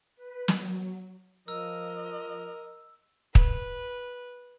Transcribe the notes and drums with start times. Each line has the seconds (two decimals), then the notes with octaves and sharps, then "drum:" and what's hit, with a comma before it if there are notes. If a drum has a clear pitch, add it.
0.16 B4
0.48 F#3, drum: snare
1.48 F3 A#4 D#5 E6
3.35 B4, drum: kick